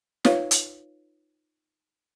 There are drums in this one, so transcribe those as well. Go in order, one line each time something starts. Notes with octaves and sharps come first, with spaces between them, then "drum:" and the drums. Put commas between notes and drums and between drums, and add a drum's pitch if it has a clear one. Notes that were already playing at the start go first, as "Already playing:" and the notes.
D#4 F4 B4 C#5 F5, drum: snare
drum: hi-hat